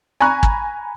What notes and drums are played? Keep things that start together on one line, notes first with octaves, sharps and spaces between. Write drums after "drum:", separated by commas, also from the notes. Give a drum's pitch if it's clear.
G#5 A#5 B5 C#6 F#6
drum: kick